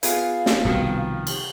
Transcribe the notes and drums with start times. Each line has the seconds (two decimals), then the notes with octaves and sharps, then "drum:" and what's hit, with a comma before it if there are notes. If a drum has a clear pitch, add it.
0.03 B3 F4 G#4 F5, drum: hi-hat
0.46 drum: snare
0.65 C2 B2 D#3 F3
1.27 drum: cymbal